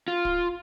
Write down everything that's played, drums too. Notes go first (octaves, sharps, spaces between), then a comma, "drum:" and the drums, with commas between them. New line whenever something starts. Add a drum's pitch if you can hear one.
F4
drum: kick